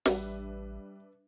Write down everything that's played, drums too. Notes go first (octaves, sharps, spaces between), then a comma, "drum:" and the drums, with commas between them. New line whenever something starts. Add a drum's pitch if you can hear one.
A1 G3 D4 B4 E5, drum: snare